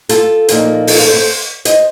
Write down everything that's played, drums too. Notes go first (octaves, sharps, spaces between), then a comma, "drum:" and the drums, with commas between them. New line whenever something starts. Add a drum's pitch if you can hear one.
F4 A4, drum: hi-hat
A#2 F3 A#3 D#4, drum: hi-hat
F4 A4, drum: open hi-hat
A4 C5
A4 C5
C5 D#5, drum: hi-hat